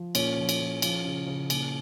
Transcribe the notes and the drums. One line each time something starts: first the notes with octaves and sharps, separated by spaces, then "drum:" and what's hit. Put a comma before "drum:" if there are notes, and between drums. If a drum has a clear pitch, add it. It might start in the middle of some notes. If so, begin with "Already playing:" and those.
Already playing: F3
A#2 C#4, drum: cymbal
F3
drum: cymbal
F3
F3, drum: cymbal
C#3
C#3
A#2, drum: cymbal